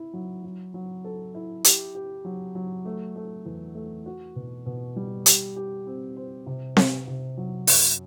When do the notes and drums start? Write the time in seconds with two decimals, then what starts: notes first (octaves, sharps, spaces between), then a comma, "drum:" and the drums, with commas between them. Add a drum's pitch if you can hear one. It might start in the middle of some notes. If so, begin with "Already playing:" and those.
Already playing: E4
0.14 F#3
0.43 F#3
0.74 F#3
1.04 A4
1.35 E4
1.64 G4, drum: hi-hat
1.95 G4
2.25 F#3
2.55 F#3
2.86 A3
3.16 A3
3.46 E2
3.75 A3
4.06 F#4
4.36 B2
4.66 B2
4.96 G3
5.26 G4, drum: hi-hat
5.56 G4
5.87 C4
6.16 C5
6.46 C3
6.77 C3, drum: snare C4
7.07 C3
7.37 F#3
7.67 F#2, drum: open hi-hat